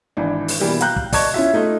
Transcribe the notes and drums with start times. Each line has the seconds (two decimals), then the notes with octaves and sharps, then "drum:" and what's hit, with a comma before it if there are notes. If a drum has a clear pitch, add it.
0.17 G#1 E3 D4
0.48 drum: open hi-hat
0.60 B2 E3 G3 A#3
0.81 F5 G5 A#5 F#6 G6, drum: hi-hat
0.96 drum: kick
1.13 D5 D#5 A5 C#6 G#6, drum: kick, open hi-hat
1.34 C#4 E4 F4 E5
1.53 A3 D#4 F4